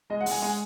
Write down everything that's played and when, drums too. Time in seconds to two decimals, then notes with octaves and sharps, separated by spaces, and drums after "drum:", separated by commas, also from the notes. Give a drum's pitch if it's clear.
0.10 G#3 D#5
0.21 F#5
0.26 G#3, drum: open hi-hat
0.32 G#5
0.42 G#3 G#5